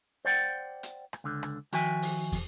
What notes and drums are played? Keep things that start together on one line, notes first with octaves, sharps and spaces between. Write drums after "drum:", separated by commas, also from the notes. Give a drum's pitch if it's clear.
C5 D5 F#5 G5
drum: hi-hat
drum: rim click
C#2 D3
drum: rim click
D#3 F3 F#4 E5 G5 G#5, drum: hi-hat
drum: open hi-hat
drum: kick, open hi-hat